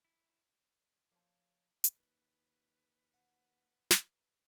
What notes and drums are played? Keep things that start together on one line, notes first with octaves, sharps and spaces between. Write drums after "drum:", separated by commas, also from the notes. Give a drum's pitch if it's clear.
E4
F3 A#3 C5 C#5 F5 A5
drum: hi-hat
D#2 B4
F#5
drum: snare